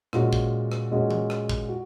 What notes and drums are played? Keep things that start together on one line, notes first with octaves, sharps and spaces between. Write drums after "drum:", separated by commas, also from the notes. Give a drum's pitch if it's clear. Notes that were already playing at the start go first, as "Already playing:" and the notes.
A#2 G#3 C#4 F#4, drum: rim click
drum: kick
drum: rim click
A#2 G#3 C#4 F#4
drum: tom E3
drum: rim click
drum: kick
F#4